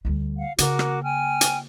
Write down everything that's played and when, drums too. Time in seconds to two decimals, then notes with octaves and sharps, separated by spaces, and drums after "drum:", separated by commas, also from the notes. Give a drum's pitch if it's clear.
0.05 D2 G3
0.37 F5 F#5
0.58 C#3 A#3 F#4 A#4 D6, drum: hi-hat
0.79 drum: rim click
1.03 G5 G#5 F6
1.41 drum: hi-hat